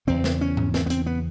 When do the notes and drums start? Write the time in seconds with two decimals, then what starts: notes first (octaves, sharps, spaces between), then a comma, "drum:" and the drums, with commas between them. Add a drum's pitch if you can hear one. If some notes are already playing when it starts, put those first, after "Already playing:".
0.07 E2 C#3 C4
0.24 drum: snare
0.41 C#4
0.57 drum: tom G#2
0.74 C4, drum: snare
0.86 B3
0.90 C4, drum: hi-hat
1.06 B3